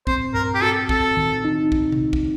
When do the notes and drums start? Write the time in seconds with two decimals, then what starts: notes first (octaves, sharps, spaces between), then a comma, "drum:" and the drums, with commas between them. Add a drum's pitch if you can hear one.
0.07 C4 C5, drum: kick
0.34 G2 A#4
0.55 G4
0.62 F#4 A4
0.89 C4 A4, drum: kick
1.17 D#3
1.45 D#4
1.72 drum: kick
1.92 drum: tom C3
2.13 drum: kick